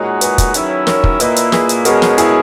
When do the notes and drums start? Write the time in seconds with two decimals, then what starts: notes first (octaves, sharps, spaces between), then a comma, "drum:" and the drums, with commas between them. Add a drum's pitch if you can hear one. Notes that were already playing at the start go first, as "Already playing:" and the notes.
Already playing: A#2 G#3 D#4 F#4 A#4 C#5
0.21 G#4 B4, drum: hi-hat
0.38 drum: kick, hi-hat
0.54 D#3 F#3 C#4 E4, drum: hi-hat
0.87 A#4 C#5, drum: snare
1.04 drum: kick
1.20 A#2 A#3 E4 B4 D#5, drum: hi-hat
1.36 drum: hi-hat
1.52 G#4 B4, drum: snare
1.69 drum: hi-hat
1.85 B2 G#3 C#4 F#4 A#4, drum: hi-hat
2.02 drum: snare
2.18 E4 G#4, drum: hi-hat